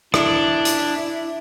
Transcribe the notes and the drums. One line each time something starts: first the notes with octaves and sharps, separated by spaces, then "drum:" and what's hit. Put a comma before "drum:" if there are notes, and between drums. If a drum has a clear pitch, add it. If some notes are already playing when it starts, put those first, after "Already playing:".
D4 E4, drum: rim click
drum: hi-hat